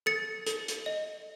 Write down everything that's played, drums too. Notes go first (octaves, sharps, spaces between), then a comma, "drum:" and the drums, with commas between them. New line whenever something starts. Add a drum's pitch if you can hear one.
A4 A6 C#7
A4, drum: hi-hat
drum: hi-hat
D#5